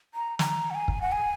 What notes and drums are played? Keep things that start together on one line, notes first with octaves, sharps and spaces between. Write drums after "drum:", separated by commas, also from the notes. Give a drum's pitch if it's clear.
A#5
A#5, drum: snare
F#5
G#5
drum: kick
F#5
G#5